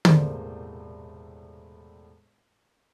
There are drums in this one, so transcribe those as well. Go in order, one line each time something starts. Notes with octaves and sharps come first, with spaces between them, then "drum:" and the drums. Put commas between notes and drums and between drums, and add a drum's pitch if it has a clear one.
E1 A2 C3 A#3 C5 D5, drum: tom